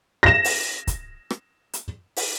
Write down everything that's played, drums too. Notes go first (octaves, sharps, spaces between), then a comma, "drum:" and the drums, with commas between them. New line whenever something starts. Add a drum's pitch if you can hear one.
A#6 E7
drum: open hi-hat
drum: kick, hi-hat
drum: rim click
drum: hi-hat
drum: open hi-hat